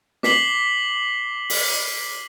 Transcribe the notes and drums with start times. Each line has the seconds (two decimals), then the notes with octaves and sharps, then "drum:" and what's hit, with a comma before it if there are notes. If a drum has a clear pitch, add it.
0.23 D6 B6 C7 F#7 G7, drum: snare
1.50 drum: open hi-hat